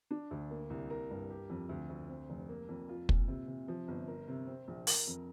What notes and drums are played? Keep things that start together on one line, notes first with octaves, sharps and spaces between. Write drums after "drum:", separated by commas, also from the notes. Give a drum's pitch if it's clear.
D4
D2
A#3
C2
A#4
G2
G4
F2
D2
D2
C4
F1
A#3
F2
F4
A#2, drum: kick
C3
C3
F3
G1
A#4
C3
C4
A#1
A#4, drum: open hi-hat
F2